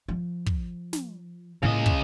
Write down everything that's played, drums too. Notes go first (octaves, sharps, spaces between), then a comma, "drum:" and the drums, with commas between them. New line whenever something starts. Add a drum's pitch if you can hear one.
F3
drum: kick
drum: snare
A2 C#3 A#3 D#5
drum: kick